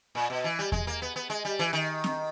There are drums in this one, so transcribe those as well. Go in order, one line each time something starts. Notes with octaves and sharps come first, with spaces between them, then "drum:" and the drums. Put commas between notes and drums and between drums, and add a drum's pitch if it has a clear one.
A#2
B2
E3
G3
G#3, drum: kick E2
A#3
B3
B3
G#3
G3
E3
D#3
drum: snare C4